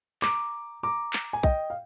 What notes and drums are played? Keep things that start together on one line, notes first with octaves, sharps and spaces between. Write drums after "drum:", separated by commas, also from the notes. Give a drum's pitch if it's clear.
A#5 D6, drum: clap
A#5 D6
drum: clap
G#5
D#5 G5, drum: kick B1
F5